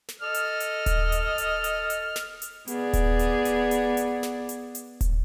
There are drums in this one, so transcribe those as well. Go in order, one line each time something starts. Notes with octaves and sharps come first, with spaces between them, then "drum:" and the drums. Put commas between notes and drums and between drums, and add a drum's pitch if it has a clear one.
drum: snare
A4 D#5 F6
drum: hi-hat
drum: hi-hat
drum: kick D#1, hi-hat
drum: hi-hat
drum: hi-hat
drum: hi-hat
drum: hi-hat
drum: snare
drum: hi-hat
B3 G#4 D5, drum: hi-hat
drum: kick D#1, hi-hat
drum: hi-hat
drum: hi-hat
drum: hi-hat
drum: hi-hat
drum: snare
drum: hi-hat
drum: hi-hat
drum: kick D#1, hi-hat